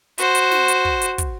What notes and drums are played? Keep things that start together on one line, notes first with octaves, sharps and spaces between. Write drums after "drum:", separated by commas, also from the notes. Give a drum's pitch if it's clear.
F#4 C5, drum: hi-hat
drum: hi-hat
drum: snare
drum: hi-hat
drum: kick
drum: hi-hat
drum: kick, hi-hat